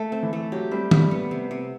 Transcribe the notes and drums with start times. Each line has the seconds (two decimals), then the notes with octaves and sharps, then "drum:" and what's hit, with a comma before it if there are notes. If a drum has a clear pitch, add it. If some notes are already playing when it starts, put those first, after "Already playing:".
Already playing: A3
0.12 C4
0.23 E3
0.33 A3
0.52 F#3 G4
0.71 G3 C4
0.91 G3 G4, drum: tom
1.11 B3
1.31 C3
1.51 C3